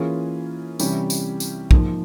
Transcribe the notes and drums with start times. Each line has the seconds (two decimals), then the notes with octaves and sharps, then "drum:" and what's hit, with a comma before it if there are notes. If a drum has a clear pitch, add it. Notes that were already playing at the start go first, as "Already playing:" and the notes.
Already playing: E3 A#3 C#4 F4 G#4
0.80 C3 E3 G3 C#4 G4, drum: tambourine
1.10 drum: tambourine
1.40 drum: tambourine
1.71 G#2 F3 A#3, drum: kick